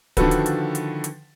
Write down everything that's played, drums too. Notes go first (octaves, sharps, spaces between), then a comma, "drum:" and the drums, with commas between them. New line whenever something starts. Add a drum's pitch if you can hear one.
D3 D#3 F3 F#4 A4 B4, drum: kick, hi-hat
drum: hi-hat
drum: hi-hat
drum: hi-hat
drum: hi-hat